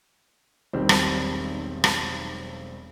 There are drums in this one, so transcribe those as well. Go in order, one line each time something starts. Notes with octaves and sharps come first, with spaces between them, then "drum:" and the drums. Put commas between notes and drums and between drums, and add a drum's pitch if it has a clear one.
E1 B1 D#3 G3 C4
drum: rim click
drum: rim click